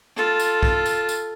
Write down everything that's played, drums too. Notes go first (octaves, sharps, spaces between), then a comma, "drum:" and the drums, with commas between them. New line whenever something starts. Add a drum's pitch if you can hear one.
F4 A4, drum: rim click
drum: tambourine
drum: kick
drum: tambourine
drum: tambourine